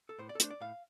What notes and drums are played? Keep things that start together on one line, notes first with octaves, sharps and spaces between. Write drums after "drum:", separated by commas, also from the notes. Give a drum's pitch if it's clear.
A4
A2 C5
D5
A4
A3 D4 C5, drum: hi-hat
D5
A2 F5